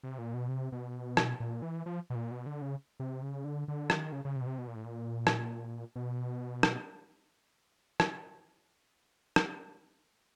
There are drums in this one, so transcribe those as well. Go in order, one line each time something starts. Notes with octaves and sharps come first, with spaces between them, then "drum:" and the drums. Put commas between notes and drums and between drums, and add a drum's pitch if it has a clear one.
C3
A#2
B2
C3
B2
drum: rim click
A#2
E3
F3
B2
A#2
B2
D3
C#3
C3
C#3
D3
D3
D#3, drum: rim click
C#3
C#3
C3
B2
C3
B2
A#2
A2
A#2
drum: rim click
B2
drum: rim click
drum: rim click
drum: rim click